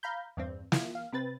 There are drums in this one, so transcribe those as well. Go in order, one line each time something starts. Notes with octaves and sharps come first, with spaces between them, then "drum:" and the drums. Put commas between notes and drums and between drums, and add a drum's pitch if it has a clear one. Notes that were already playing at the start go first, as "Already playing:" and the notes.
F5 A#5 B5 G6
E2 G2 C4
E4 F4, drum: snare
F5
C3 C4 B4 A6